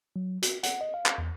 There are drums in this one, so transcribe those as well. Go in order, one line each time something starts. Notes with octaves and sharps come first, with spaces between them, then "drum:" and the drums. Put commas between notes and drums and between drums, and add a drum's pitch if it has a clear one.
F#3
F#4, drum: hi-hat
F#5, drum: hi-hat
D#5
F5
drum: clap
E2